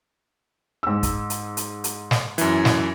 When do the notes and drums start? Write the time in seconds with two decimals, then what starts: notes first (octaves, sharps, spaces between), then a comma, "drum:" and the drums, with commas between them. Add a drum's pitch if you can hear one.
0.83 G#2 E6
1.03 drum: kick, hi-hat
1.30 drum: hi-hat
1.57 drum: hi-hat
1.84 drum: hi-hat
2.11 drum: snare
2.38 F#2 E3, drum: hi-hat
2.65 drum: snare